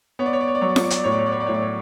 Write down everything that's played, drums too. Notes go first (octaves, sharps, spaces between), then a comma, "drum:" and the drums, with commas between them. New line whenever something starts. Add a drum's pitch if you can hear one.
B3 C#5
D5
C#5
D5
C#5
D5
F#3 C#5
D5
C#5, drum: snare F4
D5
C#5, drum: hi-hat
D5
A2 C#5
D5
C#5
D5
C#5
D5
A2 C#5
D5
C#5